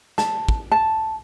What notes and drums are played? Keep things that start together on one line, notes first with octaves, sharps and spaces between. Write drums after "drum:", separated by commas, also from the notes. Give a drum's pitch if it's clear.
A5, drum: snare
drum: kick
A5